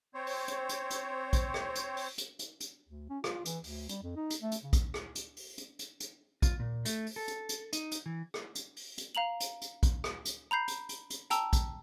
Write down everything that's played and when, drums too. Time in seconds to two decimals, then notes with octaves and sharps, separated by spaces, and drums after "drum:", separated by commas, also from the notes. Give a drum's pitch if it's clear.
0.14 C4 C5 C#5
0.27 drum: open hi-hat
0.48 drum: hi-hat
0.69 drum: hi-hat
0.90 drum: hi-hat
1.33 drum: kick A#1, hi-hat
1.54 drum: rim click
1.75 drum: hi-hat
1.97 drum: open hi-hat
2.18 drum: hi-hat
2.39 drum: hi-hat
2.60 drum: hi-hat
2.89 D2
3.10 C#4
3.24 F4, drum: rim click
3.45 E3, drum: hi-hat
3.64 D2, drum: open hi-hat
3.89 G3, drum: hi-hat
4.03 F2
4.16 D#4
4.30 drum: hi-hat
4.42 A3
4.52 drum: hi-hat
4.63 C#3
4.73 drum: kick A#1, hi-hat
4.94 drum: rim click
5.15 drum: hi-hat
5.37 drum: open hi-hat
5.58 drum: hi-hat
5.79 drum: hi-hat
6.00 drum: hi-hat
6.42 F4, drum: kick A#1, hi-hat
6.60 A#2
6.85 A3, drum: hi-hat
7.07 drum: open hi-hat
7.16 A4
7.28 drum: hi-hat
7.49 drum: hi-hat
7.73 D#4, drum: hi-hat
7.92 drum: hi-hat
8.06 E3
8.34 drum: rim click
8.55 drum: hi-hat
8.77 drum: open hi-hat
8.98 drum: hi-hat
9.15 F5 A#5 F7 F#7
9.40 drum: hi-hat
9.62 drum: hi-hat
9.83 drum: kick A#1, hi-hat
10.04 drum: rim click
10.25 drum: hi-hat
10.51 A#5 B5 G6 C7
10.68 drum: hi-hat
10.89 drum: hi-hat
11.10 drum: hi-hat
11.30 G5 A5 A#5 E6, drum: hi-hat
11.53 drum: kick A#1, hi-hat